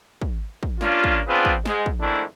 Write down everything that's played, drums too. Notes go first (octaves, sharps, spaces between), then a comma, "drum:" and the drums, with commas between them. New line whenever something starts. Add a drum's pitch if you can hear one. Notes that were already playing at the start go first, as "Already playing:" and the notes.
drum: kick
drum: kick
G2 A#3 C#4 D4 F4, drum: snare
drum: kick
B3 C4 D4 F4 G#4 B4
drum: kick
G#2 G#3, drum: snare
drum: kick
F2 G#2 D#3 A3 D4 E4